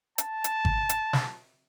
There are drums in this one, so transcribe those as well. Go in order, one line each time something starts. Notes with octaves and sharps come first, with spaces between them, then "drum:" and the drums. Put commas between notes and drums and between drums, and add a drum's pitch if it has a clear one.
A5, drum: hi-hat
drum: hi-hat
drum: kick G#1
drum: hi-hat
drum: snare